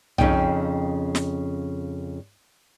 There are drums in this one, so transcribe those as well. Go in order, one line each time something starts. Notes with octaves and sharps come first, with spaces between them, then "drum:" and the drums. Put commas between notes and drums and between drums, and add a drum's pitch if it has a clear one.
F2 C#3 C#4 D#4 G5, drum: tom B1
drum: snare